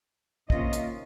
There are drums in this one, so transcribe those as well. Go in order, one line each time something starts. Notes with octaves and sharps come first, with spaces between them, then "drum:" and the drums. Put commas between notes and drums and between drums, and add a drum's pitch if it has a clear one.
C3 D#3 A#3 C#4 F4 D#5, drum: kick
drum: hi-hat